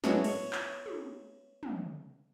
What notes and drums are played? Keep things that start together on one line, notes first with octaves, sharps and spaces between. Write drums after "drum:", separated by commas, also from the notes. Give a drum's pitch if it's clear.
F#3 G#3 B3 C#4 D4 E4, drum: snare
C#5, drum: cymbal
drum: clap
drum: tom
drum: tom